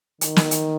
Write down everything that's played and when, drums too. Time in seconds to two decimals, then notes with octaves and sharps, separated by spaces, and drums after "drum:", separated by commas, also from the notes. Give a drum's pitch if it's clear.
0.21 D#3, drum: hi-hat
0.36 drum: snare
0.51 drum: hi-hat